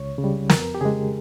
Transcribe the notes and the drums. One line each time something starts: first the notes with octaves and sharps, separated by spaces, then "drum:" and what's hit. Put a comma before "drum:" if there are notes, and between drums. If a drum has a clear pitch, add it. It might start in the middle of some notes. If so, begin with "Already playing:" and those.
Already playing: C#2 C#5
C#3
G3
F2 A#4, drum: snare
G4
C#3 G#3 G#4